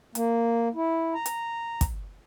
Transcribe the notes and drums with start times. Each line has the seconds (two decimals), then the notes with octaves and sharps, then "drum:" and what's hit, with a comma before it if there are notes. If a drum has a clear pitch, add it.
0.15 A#3, drum: hi-hat
0.75 E4
1.14 A#5
1.26 drum: hi-hat
1.81 drum: kick, hi-hat